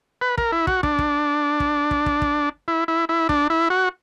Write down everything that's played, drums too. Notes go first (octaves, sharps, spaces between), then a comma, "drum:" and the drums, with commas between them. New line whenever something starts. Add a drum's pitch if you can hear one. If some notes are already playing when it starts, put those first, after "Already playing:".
B4
A#4, drum: kick
E4
F#4, drum: kick
D4, drum: kick
drum: kick
drum: kick
drum: kick
drum: kick
drum: kick
E4
E4
E4
D4, drum: kick
E4
F#4